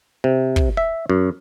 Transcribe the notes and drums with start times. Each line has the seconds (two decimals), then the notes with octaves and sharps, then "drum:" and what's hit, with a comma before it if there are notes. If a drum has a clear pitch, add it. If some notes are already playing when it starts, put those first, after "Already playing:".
0.24 C3
0.56 drum: kick
0.77 E5
1.10 F#2